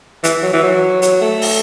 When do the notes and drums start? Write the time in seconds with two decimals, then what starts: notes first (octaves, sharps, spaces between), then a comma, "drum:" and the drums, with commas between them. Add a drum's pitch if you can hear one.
0.24 E3, drum: hi-hat
0.43 F#3
0.53 E3
0.63 F#3
1.02 F#3, drum: hi-hat
1.22 A3
1.42 drum: open hi-hat